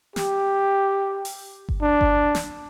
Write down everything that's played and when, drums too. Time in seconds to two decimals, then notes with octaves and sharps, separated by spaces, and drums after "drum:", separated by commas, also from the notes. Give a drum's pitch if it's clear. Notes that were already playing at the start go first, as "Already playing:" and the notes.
0.16 G4, drum: snare
1.25 drum: open hi-hat
1.69 drum: kick G1
1.82 D4
2.01 drum: kick G1
2.35 drum: snare